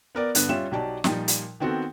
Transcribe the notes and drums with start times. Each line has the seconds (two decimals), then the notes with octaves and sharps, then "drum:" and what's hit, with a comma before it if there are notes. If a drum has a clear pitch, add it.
0.15 B3 A#4 D5
0.35 G2 D3 B3 F#6, drum: hi-hat
0.49 G3 C#4 F4 E5 E7
0.71 B1 F#3 G4 D5 A5
1.04 A#2 F3 G3 D#4, drum: snare
1.28 drum: hi-hat
1.60 D#3 B3 C4 F#4 A4